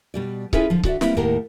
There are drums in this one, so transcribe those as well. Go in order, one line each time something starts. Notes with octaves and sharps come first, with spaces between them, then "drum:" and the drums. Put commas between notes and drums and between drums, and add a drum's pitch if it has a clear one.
B2 G3 D5
C#4 E4 F4 G#4 A4 B4, drum: kick C#1
D3 F3
D3 F#4 D5 E5, drum: kick C#1
G3 A#3 C4 E4 B4, drum: snare
D#2 A2 A#3 G4 A#4 F#5